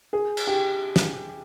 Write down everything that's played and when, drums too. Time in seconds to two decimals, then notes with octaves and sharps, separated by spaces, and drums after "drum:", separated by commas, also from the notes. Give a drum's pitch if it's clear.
0.13 G#4
0.37 drum: cymbal
0.47 G4
0.96 drum: snare